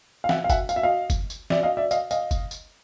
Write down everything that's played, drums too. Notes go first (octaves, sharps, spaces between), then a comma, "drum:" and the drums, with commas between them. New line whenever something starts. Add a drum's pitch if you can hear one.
F5
E5 F#5, drum: snare
F5
E5 F#5, drum: kick F#1, tambourine
F5, drum: tambourine
E5
D#5 F5
drum: kick F#1, tambourine
drum: tambourine
D5 E5, drum: snare
D#5 F5
D5 E5
D#5 F5, drum: tambourine
D#5 F5, drum: tambourine
drum: kick F#1, tambourine
drum: tambourine